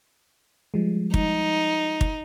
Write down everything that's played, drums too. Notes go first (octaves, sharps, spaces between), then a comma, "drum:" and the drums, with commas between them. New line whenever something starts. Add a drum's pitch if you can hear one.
F3 G3 G#3
D#4, drum: kick
drum: kick